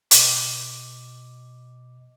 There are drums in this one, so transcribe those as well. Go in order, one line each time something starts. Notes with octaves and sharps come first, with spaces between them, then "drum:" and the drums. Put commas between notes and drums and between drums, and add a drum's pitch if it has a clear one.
B2 D#5 D6, drum: hi-hat